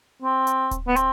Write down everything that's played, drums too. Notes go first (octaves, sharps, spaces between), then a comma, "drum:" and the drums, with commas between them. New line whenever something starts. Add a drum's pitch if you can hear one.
C4
drum: hi-hat
drum: kick D1, hi-hat
B3
C4, drum: hi-hat